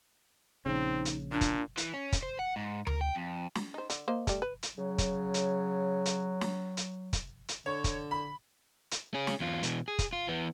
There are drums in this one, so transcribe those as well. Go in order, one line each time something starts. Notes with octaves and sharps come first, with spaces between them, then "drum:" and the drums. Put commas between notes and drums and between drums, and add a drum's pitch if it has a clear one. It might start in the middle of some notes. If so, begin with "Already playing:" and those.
A#1 C#3 C4 D#4
drum: hi-hat
A#2 D4
drum: kick, hi-hat
E3, drum: hi-hat
C#4
drum: kick, hi-hat
C5
F#5
G#2
A#4, drum: tom D2
G5
F2
drum: snare
D#4 C5
D3, drum: hi-hat
A#3 C5 D#5
G3 A3, drum: kick, hi-hat
B4
drum: hi-hat
C#3 F#3
drum: kick, hi-hat
drum: hi-hat
drum: hi-hat
drum: snare
drum: hi-hat
drum: kick, hi-hat
drum: hi-hat
D3 C#5
drum: kick, hi-hat
B5
drum: hi-hat
C#4 G#4
drum: snare
E2 F4
B2 E3, drum: hi-hat
G#4
drum: kick, hi-hat
F4
E3 B3